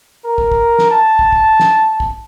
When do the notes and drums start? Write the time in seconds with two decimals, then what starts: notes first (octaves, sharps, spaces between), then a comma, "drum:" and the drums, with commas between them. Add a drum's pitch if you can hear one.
0.25 A#4
0.38 drum: kick
0.52 drum: kick
0.79 drum: snare
0.90 A5
1.19 drum: kick
1.33 drum: kick
1.60 drum: snare
2.00 drum: kick